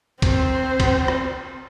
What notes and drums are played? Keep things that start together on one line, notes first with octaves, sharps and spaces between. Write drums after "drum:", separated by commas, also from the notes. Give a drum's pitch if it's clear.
C4 C5, drum: kick, cymbal
drum: kick, cymbal
drum: rim click